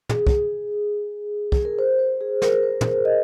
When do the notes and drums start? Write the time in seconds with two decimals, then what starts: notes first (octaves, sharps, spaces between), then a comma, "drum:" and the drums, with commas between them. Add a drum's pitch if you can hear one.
0.09 G#4, drum: tom
0.27 drum: kick
1.52 G#4, drum: kick
1.65 A#4
1.79 C5
1.99 C5
2.21 G#4
2.42 A#4, drum: snare
2.63 C5
2.81 drum: tom
3.05 D#5